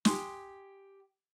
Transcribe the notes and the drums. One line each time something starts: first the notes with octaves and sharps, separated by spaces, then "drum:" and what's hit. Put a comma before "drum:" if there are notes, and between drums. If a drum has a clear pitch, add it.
G4 G#5 C6 D#6, drum: snare